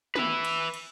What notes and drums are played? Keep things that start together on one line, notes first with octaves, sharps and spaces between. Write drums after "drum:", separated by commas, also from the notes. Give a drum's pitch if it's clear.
B4 E5, drum: snare
drum: cymbal
drum: cymbal